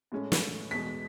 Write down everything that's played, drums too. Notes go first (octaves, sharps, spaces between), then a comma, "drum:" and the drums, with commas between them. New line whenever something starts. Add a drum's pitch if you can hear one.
A2 G#3 C#4
drum: snare
E2 B2 G#3 B6